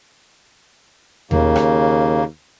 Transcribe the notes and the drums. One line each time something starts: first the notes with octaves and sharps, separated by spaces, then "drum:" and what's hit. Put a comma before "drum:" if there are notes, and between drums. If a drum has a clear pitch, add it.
D#2 C#3 A#3, drum: tom D#2
drum: rim click